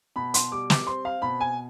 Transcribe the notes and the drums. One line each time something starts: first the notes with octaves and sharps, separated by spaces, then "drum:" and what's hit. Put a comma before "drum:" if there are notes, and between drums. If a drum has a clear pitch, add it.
B2 B5
C6, drum: hi-hat
G3 D6
D6, drum: snare
C4 C6
F5
B2 B5
G#5